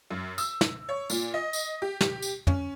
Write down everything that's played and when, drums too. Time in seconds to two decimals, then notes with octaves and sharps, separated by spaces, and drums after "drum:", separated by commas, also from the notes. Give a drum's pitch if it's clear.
0.11 F#2
0.38 E6, drum: tambourine
0.61 drum: snare
0.89 C#5
1.10 A#2, drum: tambourine
1.34 D#5
1.53 drum: tambourine
1.82 G4
2.01 G4, drum: snare
2.22 drum: tambourine
2.47 C#4, drum: tom